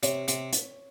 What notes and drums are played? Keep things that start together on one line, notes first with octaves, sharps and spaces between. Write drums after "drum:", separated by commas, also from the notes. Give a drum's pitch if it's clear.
C3 C#5, drum: hi-hat
C3, drum: hi-hat
drum: hi-hat